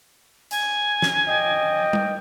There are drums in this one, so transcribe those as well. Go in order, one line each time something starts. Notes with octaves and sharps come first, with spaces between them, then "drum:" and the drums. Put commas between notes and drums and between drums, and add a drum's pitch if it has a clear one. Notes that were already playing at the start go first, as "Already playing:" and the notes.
G#5, drum: hi-hat
drum: snare
D#5 G5
drum: tom G3